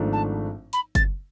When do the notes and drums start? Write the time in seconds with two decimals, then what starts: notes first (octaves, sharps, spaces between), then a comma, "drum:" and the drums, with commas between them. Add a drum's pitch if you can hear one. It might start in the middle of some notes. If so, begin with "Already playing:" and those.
Already playing: G#1 G#2 F3 A3 D4
0.12 A5
0.73 B5, drum: hi-hat
0.95 A6, drum: kick F#1, hi-hat